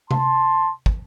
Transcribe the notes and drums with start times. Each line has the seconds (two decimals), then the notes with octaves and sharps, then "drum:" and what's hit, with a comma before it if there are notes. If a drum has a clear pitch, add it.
0.11 A5 C6, drum: tom C3
0.86 drum: kick